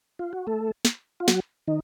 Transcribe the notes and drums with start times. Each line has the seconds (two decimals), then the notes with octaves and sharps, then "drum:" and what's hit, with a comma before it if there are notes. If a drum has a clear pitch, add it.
0.19 F4
0.33 F#4
0.47 A3 A4
0.85 drum: snare
1.20 F4
1.28 F#3 F#4, drum: snare
1.67 D#3 D#4